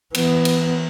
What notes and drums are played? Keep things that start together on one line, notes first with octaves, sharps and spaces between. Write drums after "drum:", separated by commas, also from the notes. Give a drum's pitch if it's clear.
E3 B3, drum: cymbal
drum: cymbal